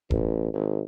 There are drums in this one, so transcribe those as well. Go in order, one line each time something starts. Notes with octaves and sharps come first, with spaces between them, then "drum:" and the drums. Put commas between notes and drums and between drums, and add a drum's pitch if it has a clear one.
A1, drum: kick E1
G#1